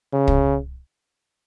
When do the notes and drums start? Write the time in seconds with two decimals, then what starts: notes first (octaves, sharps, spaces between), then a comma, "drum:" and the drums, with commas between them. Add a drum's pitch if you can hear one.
0.13 C#3
0.28 drum: kick